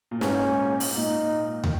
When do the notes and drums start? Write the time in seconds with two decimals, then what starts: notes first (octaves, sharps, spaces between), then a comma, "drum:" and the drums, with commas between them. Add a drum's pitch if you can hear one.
0.11 A#2
0.21 G#2 C#4, drum: snare
0.80 drum: open hi-hat
0.96 A#2 D#4
1.64 D#3, drum: tom